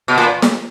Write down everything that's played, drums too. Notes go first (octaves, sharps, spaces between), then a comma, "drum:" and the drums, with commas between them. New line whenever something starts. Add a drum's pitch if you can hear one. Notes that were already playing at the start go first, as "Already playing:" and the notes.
B2
A#2
drum: snare